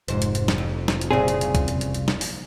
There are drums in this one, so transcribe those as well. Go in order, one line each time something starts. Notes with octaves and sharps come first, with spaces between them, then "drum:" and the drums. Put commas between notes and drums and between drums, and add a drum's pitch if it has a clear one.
F1 G#2 C5, drum: hi-hat
drum: hi-hat
drum: hi-hat
drum: snare
F2
drum: snare
drum: hi-hat
C2 A#2 C#3 C4 G#4
drum: hi-hat
drum: hi-hat
drum: kick, hi-hat
drum: hi-hat
drum: hi-hat
drum: hi-hat
drum: snare
drum: open hi-hat